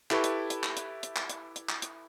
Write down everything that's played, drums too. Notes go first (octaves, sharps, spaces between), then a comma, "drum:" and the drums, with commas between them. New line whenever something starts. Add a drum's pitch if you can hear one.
E4 G4 A4 B4 A5 C#6, drum: clap
drum: hi-hat
drum: hi-hat
drum: clap
drum: hi-hat
drum: hi-hat
drum: clap
drum: hi-hat
drum: hi-hat
drum: clap
drum: hi-hat